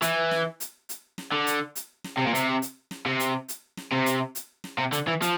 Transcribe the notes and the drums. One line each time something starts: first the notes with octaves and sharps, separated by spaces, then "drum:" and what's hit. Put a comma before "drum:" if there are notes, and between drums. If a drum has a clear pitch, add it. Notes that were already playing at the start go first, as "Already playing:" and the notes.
E3, drum: hi-hat
drum: snare
drum: hi-hat
drum: hi-hat
drum: snare
D3
drum: hi-hat
drum: hi-hat
drum: snare
C3
A#2
C3, drum: hi-hat
drum: hi-hat
drum: snare
C3
drum: hi-hat
drum: hi-hat
drum: snare
C3
drum: hi-hat
drum: hi-hat
drum: snare
C3
D3, drum: hi-hat
E3
F3, drum: hi-hat